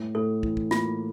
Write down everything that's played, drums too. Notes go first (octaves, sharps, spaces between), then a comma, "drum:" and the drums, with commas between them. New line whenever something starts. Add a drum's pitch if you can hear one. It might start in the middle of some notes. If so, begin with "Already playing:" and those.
Already playing: A2
A2 A4
E3, drum: kick
drum: kick
A#3 F4, drum: snare